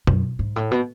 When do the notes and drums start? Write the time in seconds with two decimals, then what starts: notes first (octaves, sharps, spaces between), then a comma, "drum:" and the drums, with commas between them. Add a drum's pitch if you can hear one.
0.07 F#2, drum: tom B2
0.39 G#2
0.56 A2
0.71 B2